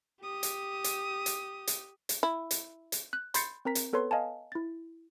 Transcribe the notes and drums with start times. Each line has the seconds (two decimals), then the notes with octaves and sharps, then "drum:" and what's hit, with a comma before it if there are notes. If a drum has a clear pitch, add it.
0.22 G4 D#6
0.43 drum: hi-hat
0.84 drum: hi-hat
1.26 drum: hi-hat
1.67 drum: hi-hat
2.09 drum: hi-hat
2.23 E4
2.51 drum: hi-hat
2.92 drum: hi-hat
3.13 F#6
3.34 B5 C6 G6 A6 C7 C#7, drum: hi-hat
3.65 C4 A#4 A#5 B6
3.75 drum: hi-hat
3.93 B3 A4 B4 C#5 C6
4.11 D#5 F5 G#5 A5
4.52 E4 A6